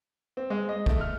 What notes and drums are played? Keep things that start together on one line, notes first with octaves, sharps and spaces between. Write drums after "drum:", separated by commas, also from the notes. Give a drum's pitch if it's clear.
C4
G#3
D#5
A3, drum: kick
F6